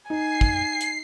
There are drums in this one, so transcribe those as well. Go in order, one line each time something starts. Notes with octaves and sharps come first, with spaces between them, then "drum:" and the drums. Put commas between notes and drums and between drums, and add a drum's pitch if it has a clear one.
D#4 G#5 C7
drum: kick
drum: hi-hat